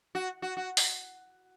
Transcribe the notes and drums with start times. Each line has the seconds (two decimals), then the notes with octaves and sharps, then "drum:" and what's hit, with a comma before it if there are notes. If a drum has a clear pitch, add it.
0.15 F#4
0.42 F#4
0.57 F#4
0.77 drum: open hi-hat